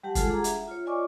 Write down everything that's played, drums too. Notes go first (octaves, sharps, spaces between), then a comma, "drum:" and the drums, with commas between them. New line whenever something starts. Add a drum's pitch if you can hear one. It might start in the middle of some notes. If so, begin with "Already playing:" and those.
G3 G4 F#5 A5
G#3 F4 G#4 A4 F#5, drum: kick, hi-hat
D4 G#4 F#5 A#5
E5, drum: hi-hat
F4 C#5
F4 D5 D#5 G#5 C#6 D6